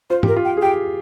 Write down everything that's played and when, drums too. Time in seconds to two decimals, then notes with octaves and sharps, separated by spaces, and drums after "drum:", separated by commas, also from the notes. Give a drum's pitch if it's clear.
0.10 F4 C5
0.23 G4 A#4, drum: tom
0.37 F4
0.45 G5
0.57 G#4
0.62 G4 G5